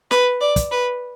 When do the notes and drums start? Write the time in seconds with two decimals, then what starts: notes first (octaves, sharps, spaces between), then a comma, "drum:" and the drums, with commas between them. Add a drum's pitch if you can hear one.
0.11 B4, drum: snare
0.41 D5
0.56 drum: kick, hi-hat
0.71 B4